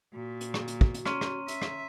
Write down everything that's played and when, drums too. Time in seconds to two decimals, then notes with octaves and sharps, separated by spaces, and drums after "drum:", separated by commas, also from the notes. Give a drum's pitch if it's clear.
0.14 A#2 F#4
0.41 drum: hi-hat
0.54 drum: rim click
0.68 drum: hi-hat
0.81 drum: kick
0.94 drum: hi-hat
1.06 C#4 A#5 C6 D#7, drum: rim click
1.21 drum: rim click
1.48 E5, drum: hi-hat
1.62 drum: rim click